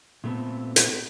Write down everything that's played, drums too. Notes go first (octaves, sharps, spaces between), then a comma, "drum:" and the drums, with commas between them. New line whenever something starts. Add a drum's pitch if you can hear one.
A#2 A3 B3 C4 A4
drum: hi-hat